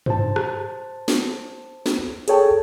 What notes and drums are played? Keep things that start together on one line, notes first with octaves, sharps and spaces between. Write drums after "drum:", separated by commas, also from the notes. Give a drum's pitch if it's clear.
C5 A5, drum: tom G2
drum: rim click
drum: snare
drum: snare
G#4 A4 C#5 G5 A5, drum: hi-hat